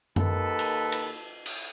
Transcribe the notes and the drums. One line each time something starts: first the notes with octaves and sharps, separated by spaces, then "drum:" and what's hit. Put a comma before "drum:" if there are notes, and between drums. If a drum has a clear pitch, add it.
D#2 A4 B4, drum: tom F#2
drum: cymbal
drum: cymbal
drum: cymbal